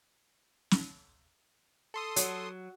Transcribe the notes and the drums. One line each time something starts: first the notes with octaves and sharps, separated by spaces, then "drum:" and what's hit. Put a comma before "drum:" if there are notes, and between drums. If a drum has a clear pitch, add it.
drum: snare
A4 C6 D#6
F#3, drum: hi-hat